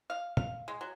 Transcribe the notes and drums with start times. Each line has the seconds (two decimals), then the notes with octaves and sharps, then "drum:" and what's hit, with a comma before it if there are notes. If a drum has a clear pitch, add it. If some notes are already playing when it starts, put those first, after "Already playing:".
0.10 F5
0.37 F5, drum: tom
0.68 G#3
0.81 F#3